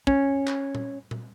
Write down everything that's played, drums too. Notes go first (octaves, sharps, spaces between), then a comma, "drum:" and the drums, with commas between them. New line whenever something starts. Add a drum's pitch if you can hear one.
C#4, drum: kick
drum: clap
drum: tom A#2
drum: tom A#2